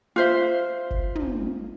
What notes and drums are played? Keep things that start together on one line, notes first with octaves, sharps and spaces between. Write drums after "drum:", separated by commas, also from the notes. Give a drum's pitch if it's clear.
F4 C5 E5
drum: kick
drum: tom